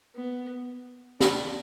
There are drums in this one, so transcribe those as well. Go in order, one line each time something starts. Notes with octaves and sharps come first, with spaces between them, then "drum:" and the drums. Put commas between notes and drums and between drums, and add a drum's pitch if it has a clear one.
B3
D4, drum: snare